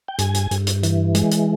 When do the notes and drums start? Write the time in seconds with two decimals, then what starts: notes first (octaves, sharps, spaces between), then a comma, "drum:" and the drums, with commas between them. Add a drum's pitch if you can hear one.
0.08 G5
0.19 G2 G#5, drum: hi-hat
0.34 drum: hi-hat
0.51 G2, drum: hi-hat
0.67 drum: hi-hat
0.83 E3, drum: hi-hat
1.15 G#3, drum: hi-hat
1.31 drum: hi-hat